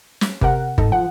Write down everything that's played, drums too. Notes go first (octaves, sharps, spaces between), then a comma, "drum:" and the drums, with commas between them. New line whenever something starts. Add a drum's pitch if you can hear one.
drum: snare
C3 A#4 F#5, drum: kick G1
G#2 D#4 A4, drum: kick G1
F3 F#5